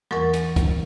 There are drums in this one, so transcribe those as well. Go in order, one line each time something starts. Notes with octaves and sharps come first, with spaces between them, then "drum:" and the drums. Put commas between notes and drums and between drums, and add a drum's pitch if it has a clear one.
E2 E3 A#4 F#5 C#6 A6, drum: rim click
drum: hi-hat
drum: kick, hi-hat